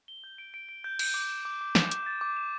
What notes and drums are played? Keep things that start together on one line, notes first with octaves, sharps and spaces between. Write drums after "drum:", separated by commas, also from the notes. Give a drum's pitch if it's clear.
G7
G6
D7
D7
D7
G6
G6, drum: cymbal
D6
E7
D6
D6
E7, drum: snare
D6, drum: hi-hat
A6
D6
E7